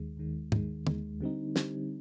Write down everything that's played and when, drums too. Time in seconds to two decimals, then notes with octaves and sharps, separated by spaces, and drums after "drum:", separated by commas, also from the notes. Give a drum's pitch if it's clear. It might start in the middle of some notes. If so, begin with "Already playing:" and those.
Already playing: D#2 D#3 G#3
0.17 D#2 D#3 G#3
0.52 D#2 D#3 G#3, drum: tom
0.87 D#2 D#3 G#3, drum: tom
1.21 D3 G3 C4 D#4
1.56 D3 G3 C4 D#4, drum: snare